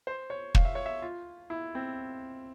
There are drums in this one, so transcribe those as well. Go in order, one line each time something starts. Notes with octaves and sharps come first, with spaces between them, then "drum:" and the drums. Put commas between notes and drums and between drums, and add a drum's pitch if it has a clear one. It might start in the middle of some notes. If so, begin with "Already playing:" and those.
C5
C#5
F5, drum: kick
E5
C#5
E5
F4
E4
C4